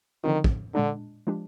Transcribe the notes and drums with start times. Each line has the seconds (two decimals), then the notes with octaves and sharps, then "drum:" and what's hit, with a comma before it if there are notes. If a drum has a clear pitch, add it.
0.23 D3 D#3 F3 C4 F4
0.44 drum: kick
0.74 A#2 D3 G#3 D4
1.27 F3 G#3 D4 G4